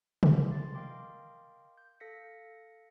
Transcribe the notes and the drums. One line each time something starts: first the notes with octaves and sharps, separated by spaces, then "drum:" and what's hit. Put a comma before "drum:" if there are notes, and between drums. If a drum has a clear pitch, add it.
E5 D6, drum: tom
C6 A6
A#4 D#5 F5 G5 C6 D6
G6
A4 F5 A#6 B6 C#7